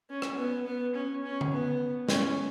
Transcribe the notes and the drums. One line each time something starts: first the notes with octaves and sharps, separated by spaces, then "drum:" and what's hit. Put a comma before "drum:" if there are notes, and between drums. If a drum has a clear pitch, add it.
C#4
drum: rim click
B3
B3
C#4
C#4
drum: tom D3
B3
C#4, drum: snare